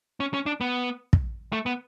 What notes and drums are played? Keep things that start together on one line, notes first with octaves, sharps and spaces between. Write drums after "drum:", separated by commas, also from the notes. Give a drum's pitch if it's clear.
C#4
C#4
D4
B3
drum: kick
A3
B3